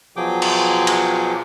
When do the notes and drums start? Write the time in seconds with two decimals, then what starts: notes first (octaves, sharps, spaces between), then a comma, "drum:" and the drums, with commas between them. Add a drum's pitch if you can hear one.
0.16 B2 F3 F#3 G#4 G5 D6
0.42 drum: cymbal
0.87 drum: cymbal